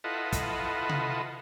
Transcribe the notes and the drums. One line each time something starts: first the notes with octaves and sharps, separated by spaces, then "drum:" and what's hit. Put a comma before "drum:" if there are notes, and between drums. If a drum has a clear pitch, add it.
E4 F4 A4 B4 D#5 F#5
drum: kick, hi-hat
drum: tom C3